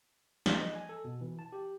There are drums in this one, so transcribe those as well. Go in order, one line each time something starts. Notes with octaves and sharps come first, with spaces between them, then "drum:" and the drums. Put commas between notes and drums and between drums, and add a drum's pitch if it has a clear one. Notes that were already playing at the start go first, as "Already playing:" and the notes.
drum: snare
D#5
G#5
A4
B2
E3
A5
G4